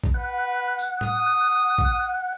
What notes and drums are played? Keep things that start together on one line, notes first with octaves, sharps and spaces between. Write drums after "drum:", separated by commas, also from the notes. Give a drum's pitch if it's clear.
drum: kick A1
B4 F#5
drum: tambourine
D#6, drum: tom A2
drum: kick A1